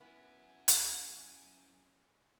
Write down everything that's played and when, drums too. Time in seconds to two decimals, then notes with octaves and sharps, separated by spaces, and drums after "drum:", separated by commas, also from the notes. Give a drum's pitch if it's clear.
0.01 B3 C#4 E4 F#4 G#5
0.68 drum: hi-hat